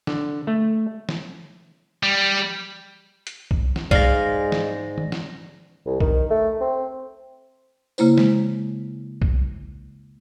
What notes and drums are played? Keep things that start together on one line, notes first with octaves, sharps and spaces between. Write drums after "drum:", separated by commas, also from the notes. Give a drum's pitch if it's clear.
D3, drum: snare
A3
drum: snare
G3
drum: hi-hat
drum: kick B1
drum: snare
G#2 G#3 D5 F5 A#6, drum: kick B1
drum: snare
drum: tom D#3
drum: snare
C2
D#3, drum: kick B1
A3
C4
C#3 A#3 E4 C5, drum: tambourine
G#3, drum: snare
drum: kick B1